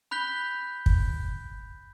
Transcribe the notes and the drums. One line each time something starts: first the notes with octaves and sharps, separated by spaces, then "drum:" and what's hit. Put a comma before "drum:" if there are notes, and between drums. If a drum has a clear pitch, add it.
B5 F#6 G6 B6 G7
drum: kick